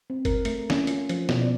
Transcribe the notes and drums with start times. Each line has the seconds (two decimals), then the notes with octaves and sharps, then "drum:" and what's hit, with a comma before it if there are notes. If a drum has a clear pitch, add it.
0.10 C4
0.25 A#4, drum: kick G1, hi-hat
0.45 A3, drum: hi-hat
0.70 C#4, drum: snare
0.87 F4, drum: hi-hat
1.09 F3, drum: hi-hat
1.29 B2, drum: snare
1.42 D5